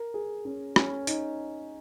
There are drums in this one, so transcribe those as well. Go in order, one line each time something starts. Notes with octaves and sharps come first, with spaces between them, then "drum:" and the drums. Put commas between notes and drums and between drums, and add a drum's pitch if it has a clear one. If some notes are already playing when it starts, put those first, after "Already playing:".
Already playing: A#4
G#4
C#4
C#4, drum: rim click
D#4, drum: hi-hat